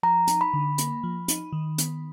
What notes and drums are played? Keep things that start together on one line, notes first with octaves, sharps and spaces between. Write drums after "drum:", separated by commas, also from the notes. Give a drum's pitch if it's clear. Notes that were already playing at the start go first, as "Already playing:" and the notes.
F3 A#5
D#4, drum: hi-hat
B5
D3
A#3, drum: hi-hat
F3
D#4, drum: hi-hat
D#3
B3, drum: hi-hat